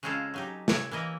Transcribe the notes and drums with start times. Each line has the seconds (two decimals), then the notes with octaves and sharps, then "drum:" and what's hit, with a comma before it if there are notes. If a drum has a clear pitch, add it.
0.03 C#3 G#3 C4 C#4 F4 A4
0.34 F#3 D#4 G4
0.68 E4 C#5, drum: snare
0.91 E3 A#3 E4 D#5 E5